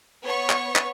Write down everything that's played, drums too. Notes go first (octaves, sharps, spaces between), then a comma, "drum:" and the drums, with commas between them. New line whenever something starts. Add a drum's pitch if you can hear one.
B3 C#5 C#6
drum: clap
drum: clap